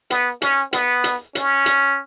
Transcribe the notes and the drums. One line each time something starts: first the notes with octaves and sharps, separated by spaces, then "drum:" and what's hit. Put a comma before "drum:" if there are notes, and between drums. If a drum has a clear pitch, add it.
B3, drum: hi-hat
C#4, drum: hi-hat
B3, drum: hi-hat
drum: hi-hat
C#4, drum: hi-hat
drum: hi-hat